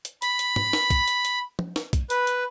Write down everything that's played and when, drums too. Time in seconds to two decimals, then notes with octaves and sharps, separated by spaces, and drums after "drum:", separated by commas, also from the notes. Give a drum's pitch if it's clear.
0.05 drum: hi-hat
0.22 B5, drum: hi-hat
0.39 drum: hi-hat
0.56 drum: tom
0.73 drum: snare
0.90 drum: kick B1, hi-hat
1.08 drum: hi-hat
1.25 drum: hi-hat
1.59 drum: tom
1.76 drum: snare
1.93 drum: kick B1, hi-hat
2.10 B4, drum: hi-hat
2.27 drum: hi-hat